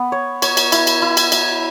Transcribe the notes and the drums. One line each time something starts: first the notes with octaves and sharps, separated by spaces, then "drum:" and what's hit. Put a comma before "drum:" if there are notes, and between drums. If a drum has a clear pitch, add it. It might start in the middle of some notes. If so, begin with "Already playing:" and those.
Already playing: B3
C#5
C#5, drum: cymbal
drum: cymbal
E4, drum: cymbal
drum: cymbal
E4
drum: cymbal
E4, drum: cymbal